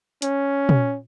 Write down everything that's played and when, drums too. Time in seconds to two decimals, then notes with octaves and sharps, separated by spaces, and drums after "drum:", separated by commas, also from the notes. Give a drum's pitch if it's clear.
0.22 C#4, drum: hi-hat
0.69 drum: tom